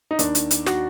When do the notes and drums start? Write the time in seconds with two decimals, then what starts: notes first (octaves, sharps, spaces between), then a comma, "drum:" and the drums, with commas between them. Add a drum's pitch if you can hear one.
0.11 D#4
0.19 D#2 D#3 D4, drum: hi-hat
0.35 drum: hi-hat
0.51 drum: hi-hat
0.67 F#4, drum: snare